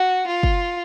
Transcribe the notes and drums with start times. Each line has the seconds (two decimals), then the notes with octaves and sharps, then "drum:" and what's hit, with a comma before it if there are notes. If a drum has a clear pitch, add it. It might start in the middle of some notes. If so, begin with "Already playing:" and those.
Already playing: F#4
0.27 F4
0.43 drum: kick